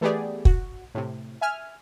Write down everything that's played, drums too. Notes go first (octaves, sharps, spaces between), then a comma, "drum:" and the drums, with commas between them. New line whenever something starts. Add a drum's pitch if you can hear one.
E3 A3 B3 G4 G#4 D5
F#4, drum: kick
A2 C3
E5 G#5 F6